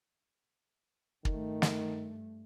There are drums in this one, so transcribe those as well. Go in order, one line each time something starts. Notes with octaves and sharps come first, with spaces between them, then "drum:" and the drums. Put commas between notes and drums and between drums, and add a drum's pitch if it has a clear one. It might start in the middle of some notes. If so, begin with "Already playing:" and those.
G2 D#3 A3, drum: kick
drum: snare